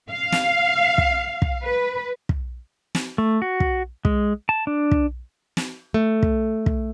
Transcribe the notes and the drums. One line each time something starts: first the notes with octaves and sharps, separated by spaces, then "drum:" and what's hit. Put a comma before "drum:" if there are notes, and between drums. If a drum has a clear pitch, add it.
F5
drum: snare
drum: kick
drum: kick
B4
drum: kick
drum: snare
A3
F#4
drum: kick
G#3, drum: kick
A5
D4
drum: kick
drum: snare
A3
drum: kick
drum: kick